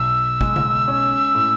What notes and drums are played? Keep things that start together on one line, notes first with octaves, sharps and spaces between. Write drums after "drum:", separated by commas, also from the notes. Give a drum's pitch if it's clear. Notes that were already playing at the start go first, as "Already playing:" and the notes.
Already playing: B1 E6
G#3, drum: kick
drum: tom C#3
C#4
A2